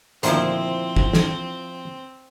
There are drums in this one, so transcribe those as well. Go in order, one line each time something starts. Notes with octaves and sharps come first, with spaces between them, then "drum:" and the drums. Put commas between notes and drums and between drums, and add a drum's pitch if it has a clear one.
D2 A#2 D#3 F3 C4 E4 C5, drum: hi-hat
drum: kick
drum: snare